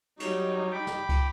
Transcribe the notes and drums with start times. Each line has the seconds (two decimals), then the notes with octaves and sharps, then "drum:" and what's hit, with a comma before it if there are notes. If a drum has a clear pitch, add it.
0.20 F#3 G3 D#4 C#5, drum: cymbal
0.72 G5 B5 D6
0.87 drum: snare
1.09 drum: kick, cymbal